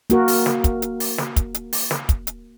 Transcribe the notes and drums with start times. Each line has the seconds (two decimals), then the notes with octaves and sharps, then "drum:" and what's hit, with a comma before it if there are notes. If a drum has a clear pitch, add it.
0.10 A#3 F#4 A#4, drum: hi-hat
0.28 drum: open hi-hat
0.46 drum: snare
0.64 drum: kick, hi-hat
0.82 drum: hi-hat
1.00 drum: open hi-hat
1.18 drum: snare
1.36 drum: kick, hi-hat
1.54 drum: hi-hat
1.73 drum: open hi-hat
1.91 drum: snare
2.09 drum: kick, hi-hat
2.27 drum: hi-hat